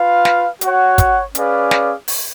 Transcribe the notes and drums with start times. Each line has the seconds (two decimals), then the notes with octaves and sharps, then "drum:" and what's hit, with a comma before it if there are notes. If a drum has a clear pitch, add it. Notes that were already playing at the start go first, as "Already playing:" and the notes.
Already playing: F4 B4 F5
0.25 drum: snare
0.61 F#4 C#5 F#5, drum: hi-hat
0.98 drum: kick, hi-hat
1.35 C#4 G#4 B4 D5 F5, drum: hi-hat
1.71 drum: snare
2.08 drum: open hi-hat